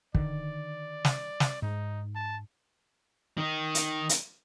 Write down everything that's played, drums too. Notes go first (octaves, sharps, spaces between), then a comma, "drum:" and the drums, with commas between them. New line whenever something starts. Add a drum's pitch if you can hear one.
D3 D#3 D5, drum: kick
drum: snare
drum: snare
G#2 D#4
A5
D#3 D#4
drum: hi-hat
drum: hi-hat